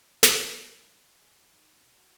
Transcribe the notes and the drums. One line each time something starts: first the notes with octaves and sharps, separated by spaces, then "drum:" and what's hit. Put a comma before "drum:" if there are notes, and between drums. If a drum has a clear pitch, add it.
C3, drum: snare
B1
F#3
G#4
F1
D#3
B2
F#4